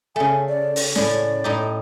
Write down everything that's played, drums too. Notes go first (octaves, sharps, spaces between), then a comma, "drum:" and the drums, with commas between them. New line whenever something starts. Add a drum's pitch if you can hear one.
C#3 A3 G#5
D5
drum: open hi-hat
A2 C#4 D5, drum: snare
A2 D#4 G4